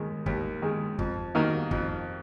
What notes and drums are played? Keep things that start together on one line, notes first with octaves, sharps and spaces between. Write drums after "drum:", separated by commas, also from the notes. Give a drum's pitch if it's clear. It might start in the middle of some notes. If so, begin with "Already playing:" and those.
Already playing: D#2 D#3 G#3
D#2, drum: kick
D#3 G#3
F2, drum: kick
D#3 A#3 D#4 F#4
F2, drum: kick